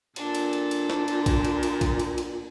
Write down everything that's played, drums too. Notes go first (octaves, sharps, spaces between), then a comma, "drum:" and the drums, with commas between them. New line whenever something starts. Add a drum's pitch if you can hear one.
A#2 D4 A4, drum: cymbal
drum: cymbal
drum: cymbal
drum: cymbal
drum: snare
drum: cymbal
drum: kick A#1, cymbal
drum: cymbal
drum: cymbal
drum: kick A#1, cymbal
drum: cymbal
drum: cymbal